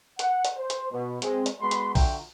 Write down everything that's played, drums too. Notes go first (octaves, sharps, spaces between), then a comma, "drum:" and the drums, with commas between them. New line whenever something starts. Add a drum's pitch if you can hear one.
F#5, drum: hi-hat
drum: hi-hat
C5
drum: hi-hat
B2
G#3 C4, drum: hi-hat
drum: hi-hat
G#3 B3 F#4 B5 C6
drum: hi-hat
D3 F4 F#4 E5 G5 A#5, drum: kick A#1, open hi-hat